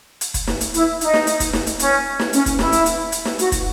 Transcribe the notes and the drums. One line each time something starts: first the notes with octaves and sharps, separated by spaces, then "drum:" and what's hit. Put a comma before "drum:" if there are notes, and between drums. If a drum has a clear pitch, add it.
drum: hi-hat
drum: kick, hi-hat
drum: snare
drum: hi-hat
E4, drum: hi-hat
D#4, drum: hi-hat
drum: snare
drum: hi-hat
drum: kick, hi-hat
drum: snare
drum: hi-hat
C#4, drum: hi-hat
drum: snare
C#4, drum: hi-hat
drum: kick, hi-hat
E4, drum: snare
drum: hi-hat
drum: hi-hat
drum: hi-hat
drum: snare
F#4, drum: hi-hat
drum: kick, hi-hat